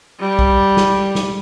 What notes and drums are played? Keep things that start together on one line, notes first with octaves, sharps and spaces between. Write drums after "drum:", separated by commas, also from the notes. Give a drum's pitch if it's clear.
G3
drum: kick
drum: snare
drum: snare